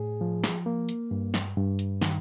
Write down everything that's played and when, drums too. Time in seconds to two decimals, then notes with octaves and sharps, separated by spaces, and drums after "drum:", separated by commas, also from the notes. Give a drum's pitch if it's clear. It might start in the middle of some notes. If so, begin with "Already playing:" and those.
Already playing: A2 G#4
0.21 F3
0.44 drum: snare
0.66 A#3
0.89 drum: hi-hat
1.11 G2
1.34 drum: snare
1.57 G2
1.79 drum: hi-hat
2.02 D#3, drum: snare